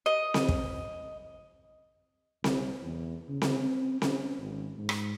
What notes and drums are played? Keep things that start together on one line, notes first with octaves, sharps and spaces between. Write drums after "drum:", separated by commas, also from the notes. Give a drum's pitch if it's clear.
D#5
drum: snare C4
drum: kick
C2, drum: snare C4
E2
C#3
drum: snare C4
C4
C#4, drum: snare C4
G#1
G#2
drum: rim click